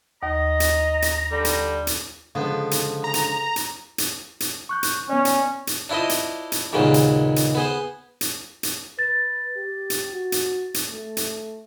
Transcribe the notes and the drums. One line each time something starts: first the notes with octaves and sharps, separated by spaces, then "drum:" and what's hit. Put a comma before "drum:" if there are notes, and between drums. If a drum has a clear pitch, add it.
D#2 D#5 A#5
drum: hi-hat
drum: hi-hat
D3 G3
drum: hi-hat
drum: hi-hat
C#2 D3 F3 B3
drum: hi-hat
A#5
drum: hi-hat
drum: hi-hat
drum: hi-hat
drum: hi-hat
C#6 F#6 G6
drum: hi-hat
B3 C#4 D5
drum: hi-hat
drum: hi-hat
D4 E4 F4 C5 D#5
drum: hi-hat
drum: hi-hat
D#2 A#2 C#3 G#3 B3
drum: hi-hat
drum: hi-hat
B3 G#4 C5
drum: hi-hat
drum: hi-hat
B4 A6
G4
drum: hi-hat
F#4
drum: hi-hat
drum: hi-hat
A3
drum: hi-hat